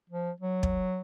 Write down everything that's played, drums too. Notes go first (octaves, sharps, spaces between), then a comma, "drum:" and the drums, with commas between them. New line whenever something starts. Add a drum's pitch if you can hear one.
F3
F#3
drum: kick